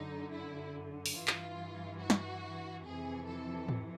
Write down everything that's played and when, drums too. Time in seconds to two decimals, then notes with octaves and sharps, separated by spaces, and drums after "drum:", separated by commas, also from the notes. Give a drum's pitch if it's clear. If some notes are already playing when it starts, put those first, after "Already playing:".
Already playing: F#2 D3 D#4
0.32 E4
1.06 drum: open hi-hat
1.16 G2 E3 F4
1.28 drum: clap
2.00 F#4
2.10 drum: snare
2.84 F2 C3 E3 G#4
3.27 A4
3.69 drum: tom G#2